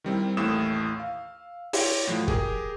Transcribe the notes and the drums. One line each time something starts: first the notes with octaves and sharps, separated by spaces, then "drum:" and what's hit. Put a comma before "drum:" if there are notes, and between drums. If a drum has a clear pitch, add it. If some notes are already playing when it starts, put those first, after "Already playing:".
D#3 G3 C4 E4
A1 D#2 A2 D#6 E6 E7
F5
E4 G4 C#5 D5, drum: open hi-hat
A2 F3 F#3
G4 G#4 A#4, drum: kick